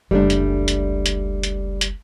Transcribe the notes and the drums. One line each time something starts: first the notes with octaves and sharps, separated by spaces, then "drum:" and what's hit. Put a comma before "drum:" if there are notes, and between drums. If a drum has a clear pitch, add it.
F#1 C#2 G3 A3 D4
drum: hi-hat
drum: hi-hat
drum: hi-hat
drum: hi-hat
drum: hi-hat